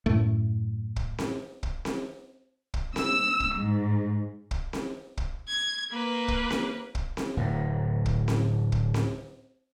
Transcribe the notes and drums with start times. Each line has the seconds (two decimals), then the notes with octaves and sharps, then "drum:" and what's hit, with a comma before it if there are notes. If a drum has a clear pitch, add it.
0.06 F#2 A2 A3
0.96 drum: kick
1.18 drum: snare C4
1.63 drum: kick
1.85 drum: snare C4
2.74 drum: kick
2.96 E6, drum: snare C4
3.40 drum: kick
3.57 G#2
4.51 drum: kick
4.73 drum: snare C4
5.17 drum: kick
5.48 G#6
5.91 A#3 B4
6.28 drum: kick
6.50 drum: snare C4
6.95 drum: kick
7.17 drum: snare C4
7.37 D1 A2
8.06 drum: kick
8.28 drum: snare C4
8.72 drum: kick
8.94 drum: snare C4